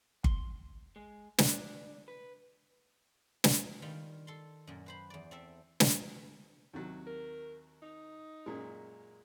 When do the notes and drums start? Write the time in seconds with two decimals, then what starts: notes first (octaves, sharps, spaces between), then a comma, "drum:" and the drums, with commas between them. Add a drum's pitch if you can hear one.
0.24 C6, drum: kick G1
0.96 G#3
1.38 D4, drum: snare
2.08 B4
3.44 drum: snare
3.82 D#3 G3 F4
4.27 A4 C6
4.67 F#2 A#2
4.86 B4 C5 B5
5.10 E2 D5
5.31 C4 A4 E5
5.80 drum: snare
6.73 D#2 C3 F#3
7.07 A#4
7.82 D#4
8.46 F#2 A#2 G#3